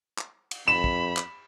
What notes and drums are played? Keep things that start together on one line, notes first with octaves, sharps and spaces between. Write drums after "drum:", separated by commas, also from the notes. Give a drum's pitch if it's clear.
drum: clap
drum: cymbal
F2 B5 E7
drum: kick
drum: clap